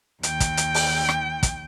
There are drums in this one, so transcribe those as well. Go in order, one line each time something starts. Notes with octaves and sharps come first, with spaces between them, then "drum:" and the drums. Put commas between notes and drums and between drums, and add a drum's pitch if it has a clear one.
D#2 G5, drum: hi-hat
drum: kick, hi-hat
drum: hi-hat
drum: open hi-hat
drum: rim click
drum: kick, hi-hat